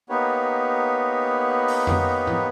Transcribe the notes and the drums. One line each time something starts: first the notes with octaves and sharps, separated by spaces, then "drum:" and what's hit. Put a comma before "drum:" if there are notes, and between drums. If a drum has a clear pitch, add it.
A#3 B3 D#4 G4 B4 C#5
drum: open hi-hat
drum: tom F2
drum: tom G#2